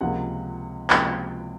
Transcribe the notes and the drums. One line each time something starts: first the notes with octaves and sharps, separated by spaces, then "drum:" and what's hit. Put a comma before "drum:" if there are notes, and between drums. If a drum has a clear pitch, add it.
C#2 C3 F3 A#3 F#5
C#2 C3 F3 A#3 G5, drum: clap